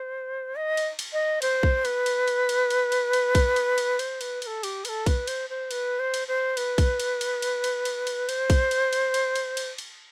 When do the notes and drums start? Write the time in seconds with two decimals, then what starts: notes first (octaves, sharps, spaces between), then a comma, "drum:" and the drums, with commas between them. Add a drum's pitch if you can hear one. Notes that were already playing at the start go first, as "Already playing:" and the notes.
Already playing: C5
0.56 D#5
0.77 drum: cymbal
0.99 drum: cymbal
1.13 D#5
1.42 C5, drum: cymbal
1.63 drum: kick B1
1.85 B4, drum: cymbal
2.06 drum: cymbal
2.28 drum: cymbal
2.49 drum: cymbal
2.70 drum: cymbal
2.92 drum: cymbal
3.13 drum: cymbal
3.35 drum: kick B1, cymbal
3.56 drum: cymbal
3.78 drum: cymbal
3.99 C5, drum: cymbal
4.21 B4, drum: cymbal
4.42 B4, drum: cymbal
4.47 A4
4.63 G4, drum: cymbal
4.85 B4, drum: cymbal
4.89 A4
5.06 B4, drum: kick B1, cymbal
5.27 C5, drum: cymbal
5.50 C5
5.71 B4, drum: cymbal
5.99 C5
6.14 drum: cymbal
6.28 C5
6.57 B4, drum: cymbal
6.78 drum: kick B1, cymbal
7.00 drum: cymbal
7.21 drum: cymbal
7.42 drum: cymbal
7.64 drum: cymbal
7.85 drum: cymbal
8.07 drum: cymbal
8.29 C5, drum: cymbal
8.50 drum: kick B1, cymbal
8.71 drum: cymbal
8.93 drum: cymbal
9.14 drum: cymbal
9.36 drum: cymbal
9.57 drum: cymbal
9.78 drum: cymbal